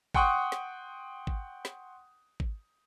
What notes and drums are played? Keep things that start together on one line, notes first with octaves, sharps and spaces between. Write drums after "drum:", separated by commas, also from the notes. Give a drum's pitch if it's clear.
F#5 G5 C6 C#6 D#6 F#6, drum: kick G#1
drum: snare
drum: kick G#1
drum: snare
drum: kick G#1